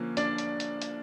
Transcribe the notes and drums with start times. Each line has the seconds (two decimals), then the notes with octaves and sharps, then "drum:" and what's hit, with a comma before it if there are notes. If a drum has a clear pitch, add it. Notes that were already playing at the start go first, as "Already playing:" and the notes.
Already playing: D3 F3 A#3 C#4
0.17 D4 D5, drum: hi-hat
0.38 drum: hi-hat
0.60 drum: hi-hat
0.82 drum: hi-hat